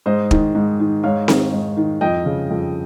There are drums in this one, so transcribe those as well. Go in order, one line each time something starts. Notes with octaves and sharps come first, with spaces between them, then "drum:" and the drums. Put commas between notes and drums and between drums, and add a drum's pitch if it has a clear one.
G#2 C5 D#5
D#3, drum: kick
G#2
D#3
G#2 C#5 F5
D#3, drum: snare C4
G#2
D#3
F2 D#5 G5
C#3
F2